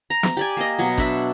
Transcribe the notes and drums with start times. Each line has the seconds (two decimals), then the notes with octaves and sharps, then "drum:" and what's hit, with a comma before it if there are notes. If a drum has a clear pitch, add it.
0.10 A#5
0.23 drum: snare
0.37 G4 D5 G#5
0.57 A#3 D#5
0.79 B2 F#3
0.97 D4 E5, drum: kick G#1, hi-hat